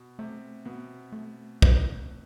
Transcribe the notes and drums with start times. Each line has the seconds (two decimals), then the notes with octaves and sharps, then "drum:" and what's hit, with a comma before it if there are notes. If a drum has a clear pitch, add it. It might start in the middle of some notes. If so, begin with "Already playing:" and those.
Already playing: B2
0.19 C3 A3
0.65 B2 B3
1.12 A3
1.62 drum: kick